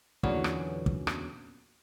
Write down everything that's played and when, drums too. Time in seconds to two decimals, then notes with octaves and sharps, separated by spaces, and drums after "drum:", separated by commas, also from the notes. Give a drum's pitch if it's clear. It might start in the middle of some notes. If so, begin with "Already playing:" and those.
0.23 E2 A#2 D3 F#3 B3 C#4, drum: kick
0.44 drum: rim click
0.86 drum: kick
1.07 drum: rim click